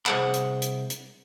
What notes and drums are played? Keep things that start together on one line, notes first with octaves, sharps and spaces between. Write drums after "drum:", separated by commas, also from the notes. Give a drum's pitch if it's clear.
C2 G#4 B4 C5 F#5 B5, drum: clap
drum: hi-hat
drum: hi-hat
drum: hi-hat